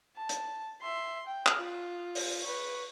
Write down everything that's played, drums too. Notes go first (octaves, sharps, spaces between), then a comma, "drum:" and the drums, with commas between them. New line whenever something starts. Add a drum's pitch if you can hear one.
A5
drum: hi-hat
E5 C6
G5
drum: clap
F4
drum: open hi-hat
B4 C#6